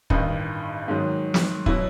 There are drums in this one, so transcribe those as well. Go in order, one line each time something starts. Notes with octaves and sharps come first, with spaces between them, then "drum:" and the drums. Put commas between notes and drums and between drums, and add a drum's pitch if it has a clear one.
A1 G2 D#3 D#4, drum: kick
G#2 D#3 F#3
drum: snare
B2 F#3 E4, drum: kick